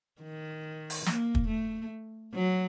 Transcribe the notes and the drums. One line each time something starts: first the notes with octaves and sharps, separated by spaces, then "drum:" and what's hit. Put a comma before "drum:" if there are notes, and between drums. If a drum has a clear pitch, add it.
D#3
drum: open hi-hat
A#3, drum: snare
drum: kick
A3
F#3